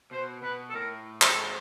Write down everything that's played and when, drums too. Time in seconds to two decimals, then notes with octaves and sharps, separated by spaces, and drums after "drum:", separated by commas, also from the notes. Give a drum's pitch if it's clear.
0.11 B2 C5
0.42 B2 B4
0.70 A4
0.74 A2 A#4
1.22 G#2 A4, drum: clap